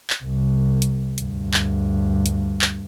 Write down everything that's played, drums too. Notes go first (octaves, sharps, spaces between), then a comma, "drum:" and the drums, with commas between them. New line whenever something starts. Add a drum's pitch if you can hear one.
drum: clap
C2
drum: hi-hat
D2 G2, drum: hi-hat
drum: clap
drum: hi-hat
drum: clap